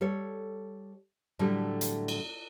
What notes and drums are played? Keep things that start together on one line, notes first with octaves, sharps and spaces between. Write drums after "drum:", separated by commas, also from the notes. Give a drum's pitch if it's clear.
G3 A4 C#5
A2 D3 F#3 G3 A3
drum: hi-hat
drum: cymbal